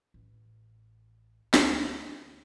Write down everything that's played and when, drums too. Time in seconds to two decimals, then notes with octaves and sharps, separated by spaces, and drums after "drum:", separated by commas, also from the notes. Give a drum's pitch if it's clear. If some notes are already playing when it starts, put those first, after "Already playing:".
0.14 A1
1.54 D2 A#3, drum: snare